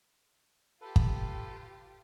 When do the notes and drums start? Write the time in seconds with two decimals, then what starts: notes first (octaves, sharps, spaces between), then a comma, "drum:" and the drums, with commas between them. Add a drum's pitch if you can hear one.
0.81 F4 G4 A4 B4
0.96 drum: kick